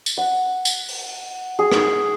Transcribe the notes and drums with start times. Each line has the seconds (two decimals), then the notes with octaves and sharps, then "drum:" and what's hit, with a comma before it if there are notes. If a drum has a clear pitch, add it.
0.06 drum: tambourine
0.18 F#5
0.65 drum: tambourine
0.88 drum: open hi-hat
1.59 G#4
1.72 drum: rim click